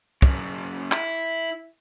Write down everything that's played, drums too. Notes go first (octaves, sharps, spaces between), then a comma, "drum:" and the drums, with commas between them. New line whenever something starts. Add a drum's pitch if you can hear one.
F#2 C#3, drum: kick
E4, drum: clap